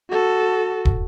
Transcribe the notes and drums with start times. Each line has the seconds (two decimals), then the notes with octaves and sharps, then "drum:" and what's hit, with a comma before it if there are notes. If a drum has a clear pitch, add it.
0.10 F#4 A4
0.85 drum: kick